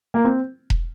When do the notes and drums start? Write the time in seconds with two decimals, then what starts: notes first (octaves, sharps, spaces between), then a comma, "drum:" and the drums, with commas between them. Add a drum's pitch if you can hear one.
0.14 A#3
0.24 C4
0.70 drum: kick E1